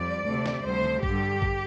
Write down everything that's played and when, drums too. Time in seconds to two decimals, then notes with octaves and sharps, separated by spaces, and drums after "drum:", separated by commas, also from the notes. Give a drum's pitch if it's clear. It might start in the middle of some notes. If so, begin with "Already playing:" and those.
Already playing: F2 G3 D5
0.26 D2 C3 A3
0.46 drum: snare
0.64 D2 C3 G3 C5
0.84 drum: tom D#3
1.03 G2 D3 G3 G4, drum: kick A1
1.42 drum: kick A1